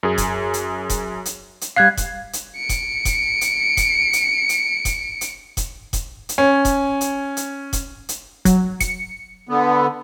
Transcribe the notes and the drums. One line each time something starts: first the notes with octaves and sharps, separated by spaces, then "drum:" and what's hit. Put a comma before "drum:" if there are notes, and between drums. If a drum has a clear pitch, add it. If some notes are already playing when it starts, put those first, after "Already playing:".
F#2 G#4
drum: kick E1, hi-hat
drum: hi-hat
drum: kick E1, hi-hat
drum: hi-hat
drum: hi-hat
G3 F5 F#6 G#6 C7
drum: kick E1, hi-hat
drum: hi-hat
C#7 D7
drum: kick E1, hi-hat
drum: kick E1, hi-hat
drum: hi-hat
drum: kick E1, hi-hat
drum: hi-hat
drum: hi-hat
drum: kick E1, hi-hat
drum: hi-hat
drum: kick E1, hi-hat
drum: kick E1, hi-hat
drum: hi-hat
C#4
drum: kick E1, hi-hat
drum: hi-hat
drum: hi-hat
drum: kick E1, hi-hat
drum: hi-hat
F#3, drum: kick E1, hi-hat
C#7, drum: kick E1, hi-hat
D3 B3